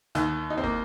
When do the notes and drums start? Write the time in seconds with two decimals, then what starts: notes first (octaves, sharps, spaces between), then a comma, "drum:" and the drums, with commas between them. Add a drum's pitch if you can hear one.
0.15 D#2 D#3, drum: snare
0.50 D#4
0.58 C4
0.64 A#3, drum: kick